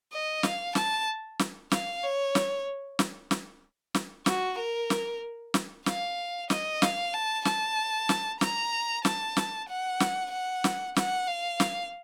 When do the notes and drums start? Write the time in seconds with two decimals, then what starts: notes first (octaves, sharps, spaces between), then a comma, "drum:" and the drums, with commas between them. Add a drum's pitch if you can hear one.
0.12 D#5
0.43 F5, drum: snare
0.75 A5, drum: snare
1.39 drum: snare
1.71 F5, drum: snare
2.03 C#5
2.35 drum: snare
2.99 drum: snare
3.31 drum: snare
3.95 drum: snare
4.26 F#4, drum: snare
4.59 A#4
4.90 drum: snare
5.54 drum: snare
5.86 F5, drum: snare
6.50 D#5, drum: snare
6.82 F5, drum: snare
7.14 A5
7.45 A5, drum: snare
8.09 drum: snare
8.41 A#5, drum: snare
9.05 A5, drum: snare
9.37 drum: snare
9.69 F#5
10.00 drum: snare
10.32 F#5
10.64 drum: snare
10.96 F#5, drum: snare
11.27 F5
11.60 drum: snare